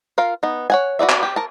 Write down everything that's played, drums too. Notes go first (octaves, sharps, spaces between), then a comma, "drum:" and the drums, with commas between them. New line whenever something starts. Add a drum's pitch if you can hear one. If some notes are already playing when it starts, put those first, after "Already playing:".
F4 A#4 F5
B3 D#4
C#5 F#5 G#5
F#4 B4 D5 E5
drum: clap
G4
A#4 A5